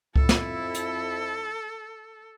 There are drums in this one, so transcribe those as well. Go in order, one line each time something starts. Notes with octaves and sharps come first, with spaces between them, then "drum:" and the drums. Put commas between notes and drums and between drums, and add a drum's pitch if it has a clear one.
F2 E4 A4, drum: kick C#2
drum: snare
drum: hi-hat